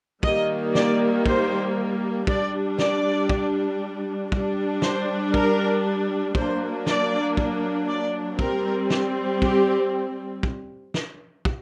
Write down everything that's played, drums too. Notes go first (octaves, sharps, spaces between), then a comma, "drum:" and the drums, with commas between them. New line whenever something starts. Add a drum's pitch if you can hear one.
D#3 G3 A#3 D#5, drum: kick
D5, drum: snare
C5, drum: kick
G3 D4 D5, drum: kick
D5, drum: snare
drum: kick
G3 D4, drum: kick
C5, drum: snare
A#4, drum: kick
F#3 A#3 D4 C5, drum: kick
D5, drum: snare
drum: kick
D5
G3 C4 A#4, drum: kick
drum: snare
G4, drum: kick
drum: kick
drum: snare
drum: kick